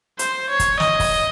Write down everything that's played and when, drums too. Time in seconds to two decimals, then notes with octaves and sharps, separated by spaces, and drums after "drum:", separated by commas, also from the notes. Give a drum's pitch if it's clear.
0.19 C5, drum: hi-hat
0.50 C#5
0.60 drum: kick, hi-hat
0.80 D#5, drum: snare
1.00 drum: kick, open hi-hat